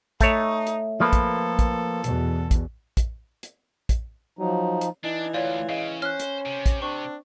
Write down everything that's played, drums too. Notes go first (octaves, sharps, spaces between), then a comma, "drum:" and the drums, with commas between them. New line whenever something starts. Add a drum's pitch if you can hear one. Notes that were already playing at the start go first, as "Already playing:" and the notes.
A3 D#4 C#5, drum: kick, hi-hat
drum: hi-hat
F3 A#3 A4 B4
drum: kick, hi-hat
drum: kick, hi-hat
E2 B2, drum: hi-hat
drum: kick, hi-hat
drum: kick, hi-hat
drum: hi-hat
drum: kick, hi-hat
F3 F#3 D#4
drum: hi-hat
E3 D4 D#4
D2 F4 C#5 D5
C#3 G#3 F5
C#4 C5 F6 F#6
drum: hi-hat
C3
drum: kick, hi-hat
C4 D4 C#6